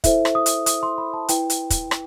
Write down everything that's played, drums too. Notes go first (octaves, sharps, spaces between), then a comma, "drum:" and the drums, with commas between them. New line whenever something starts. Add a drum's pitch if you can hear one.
E4 A4 C5 E5, drum: kick, hi-hat
drum: rim click
D#6
drum: hi-hat
D#6, drum: hi-hat
C6
B5
A5
E4 B4 G5, drum: hi-hat
drum: hi-hat
drum: kick, hi-hat
drum: rim click